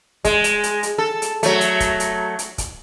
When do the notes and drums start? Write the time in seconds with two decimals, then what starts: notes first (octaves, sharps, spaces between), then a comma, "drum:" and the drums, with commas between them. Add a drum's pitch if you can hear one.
0.25 G#3, drum: kick C#1, hi-hat
0.44 drum: hi-hat
0.63 drum: hi-hat
0.83 drum: hi-hat
0.98 A4
1.22 drum: hi-hat
1.43 F#3 A3, drum: hi-hat
1.61 drum: hi-hat
1.80 drum: kick C#1, hi-hat
2.00 drum: hi-hat
2.39 drum: hi-hat
2.58 drum: kick C#1, hi-hat